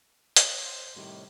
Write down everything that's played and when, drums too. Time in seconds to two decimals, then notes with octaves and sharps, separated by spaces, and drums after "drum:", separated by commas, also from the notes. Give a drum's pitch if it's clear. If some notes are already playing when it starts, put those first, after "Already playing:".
0.36 C#5 D#6, drum: hi-hat
0.65 C5
0.96 A2 C3 D#3 G3